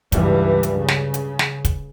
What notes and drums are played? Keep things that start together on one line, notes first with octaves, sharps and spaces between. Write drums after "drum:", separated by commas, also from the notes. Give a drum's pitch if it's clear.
C#2 G2 E3 G3, drum: kick, hi-hat
drum: hi-hat
C#3
drum: snare
drum: hi-hat
drum: snare
drum: kick, hi-hat